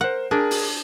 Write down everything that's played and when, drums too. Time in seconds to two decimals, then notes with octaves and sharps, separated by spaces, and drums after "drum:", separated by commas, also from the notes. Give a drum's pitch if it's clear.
0.01 A#4 C5 F#5
0.31 D4 G#4 A#4
0.51 drum: open hi-hat